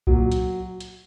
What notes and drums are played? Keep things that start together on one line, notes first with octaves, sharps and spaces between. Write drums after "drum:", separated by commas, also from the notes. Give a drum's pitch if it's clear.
A#2 F#3, drum: kick B1
drum: hi-hat
drum: hi-hat